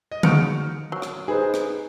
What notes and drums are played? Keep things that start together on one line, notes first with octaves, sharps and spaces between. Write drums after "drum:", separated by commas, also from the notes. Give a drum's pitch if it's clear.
D#5
G#3 D#4 F#4 F6 C#7 D7, drum: tom D3
F#3
drum: rim click
D#4 G#4 B4 C5
drum: rim click